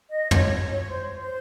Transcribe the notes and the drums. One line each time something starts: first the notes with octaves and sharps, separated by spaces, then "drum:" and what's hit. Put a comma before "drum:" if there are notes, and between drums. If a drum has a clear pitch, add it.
D#5
C#5, drum: tom
C#5
C5
C5